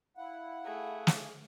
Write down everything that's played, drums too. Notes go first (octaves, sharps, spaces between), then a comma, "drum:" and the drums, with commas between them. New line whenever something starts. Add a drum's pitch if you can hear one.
E4 F5 F#5
A3 G#4
drum: snare